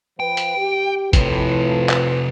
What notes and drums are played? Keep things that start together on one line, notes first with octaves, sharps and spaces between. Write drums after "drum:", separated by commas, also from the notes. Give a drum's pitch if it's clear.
F3 B4 G5
drum: hi-hat
G4
F2 A2 C3 F3 B4, drum: kick A1, hi-hat
drum: clap